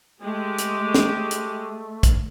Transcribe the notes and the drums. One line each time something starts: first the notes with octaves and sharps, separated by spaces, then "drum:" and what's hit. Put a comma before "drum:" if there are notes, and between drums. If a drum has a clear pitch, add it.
G#3 A3 G4
drum: hi-hat
drum: snare
drum: hi-hat
drum: kick, hi-hat